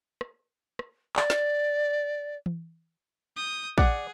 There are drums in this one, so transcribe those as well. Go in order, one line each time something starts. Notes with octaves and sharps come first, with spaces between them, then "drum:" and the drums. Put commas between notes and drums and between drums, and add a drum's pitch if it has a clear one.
drum: rim click
drum: rim click
D5, drum: clap
drum: snare
drum: tom E3
D#6 G6
G#4 D5 F#5, drum: kick